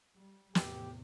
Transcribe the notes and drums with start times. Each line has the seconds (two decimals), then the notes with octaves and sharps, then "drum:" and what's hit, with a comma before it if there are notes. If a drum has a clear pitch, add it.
0.15 G3
0.55 E2 A2 C3 G4, drum: snare